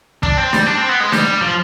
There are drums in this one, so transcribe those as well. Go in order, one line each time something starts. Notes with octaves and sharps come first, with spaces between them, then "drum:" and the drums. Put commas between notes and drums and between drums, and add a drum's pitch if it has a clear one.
D4, drum: kick
C4
G3, drum: snare D4
D4
C4
B3
G#3
G3, drum: snare D4
F3